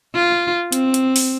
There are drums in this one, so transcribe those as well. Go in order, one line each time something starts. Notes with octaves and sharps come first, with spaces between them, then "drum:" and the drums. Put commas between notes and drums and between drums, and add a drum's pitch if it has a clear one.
F4
C4, drum: hi-hat
drum: hi-hat
drum: open hi-hat